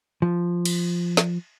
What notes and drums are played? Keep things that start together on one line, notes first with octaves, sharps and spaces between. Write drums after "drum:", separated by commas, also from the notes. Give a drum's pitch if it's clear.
F3
drum: cymbal
drum: snare